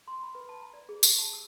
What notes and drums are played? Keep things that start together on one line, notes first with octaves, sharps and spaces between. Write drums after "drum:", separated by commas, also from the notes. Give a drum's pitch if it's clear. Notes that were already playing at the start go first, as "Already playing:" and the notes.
C6
B5
B4
A5
A#5
D5
G#4
G4, drum: tambourine
A5
E6